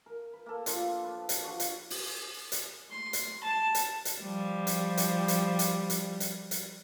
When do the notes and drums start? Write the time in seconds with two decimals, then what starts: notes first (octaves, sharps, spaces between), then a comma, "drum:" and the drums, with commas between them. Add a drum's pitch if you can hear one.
0.06 A#4
0.33 B4
0.46 A#3 A4
0.66 F3 D4 F4 G5, drum: hi-hat
1.04 B4
1.29 drum: hi-hat
1.44 F3 D4 F#4
1.60 drum: hi-hat
1.90 drum: open hi-hat
2.52 drum: hi-hat
2.91 C6
3.13 drum: hi-hat
3.44 A5
3.75 drum: hi-hat
4.05 drum: hi-hat
4.21 F3 G3
4.67 drum: hi-hat
4.97 drum: hi-hat
5.28 drum: hi-hat
5.59 drum: hi-hat
5.90 drum: hi-hat
6.20 drum: hi-hat
6.51 drum: hi-hat